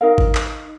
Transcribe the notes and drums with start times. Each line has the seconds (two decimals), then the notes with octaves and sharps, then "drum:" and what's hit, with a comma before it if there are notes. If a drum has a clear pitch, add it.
0.01 D#4 A#4 F5
0.18 drum: kick G#1
0.35 drum: clap